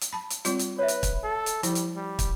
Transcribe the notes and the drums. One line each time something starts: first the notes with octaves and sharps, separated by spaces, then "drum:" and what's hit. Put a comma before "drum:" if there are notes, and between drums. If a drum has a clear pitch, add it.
drum: hi-hat
A5 B5
drum: hi-hat
G3 C4 F4, drum: hi-hat
drum: hi-hat
B4 C#5 E5
drum: hi-hat
drum: kick, hi-hat
A4
drum: hi-hat
F3 G3 E4, drum: hi-hat
drum: hi-hat
G3
drum: kick, hi-hat